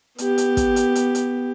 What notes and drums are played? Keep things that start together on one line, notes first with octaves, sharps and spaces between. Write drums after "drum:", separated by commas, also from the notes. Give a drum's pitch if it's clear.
B3 G4, drum: hi-hat
drum: hi-hat
drum: kick, hi-hat
drum: hi-hat
drum: hi-hat
drum: hi-hat